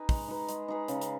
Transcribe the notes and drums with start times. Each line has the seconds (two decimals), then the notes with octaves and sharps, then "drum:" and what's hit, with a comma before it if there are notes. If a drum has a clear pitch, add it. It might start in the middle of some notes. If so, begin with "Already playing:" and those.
Already playing: D#4 G#4 B4
0.09 G#3, drum: kick, open hi-hat
0.28 D#4 G#4 B4
0.49 G#3, drum: hi-hat
0.68 D#4 G#4 B4
0.88 C#3, drum: hi-hat
1.01 drum: hi-hat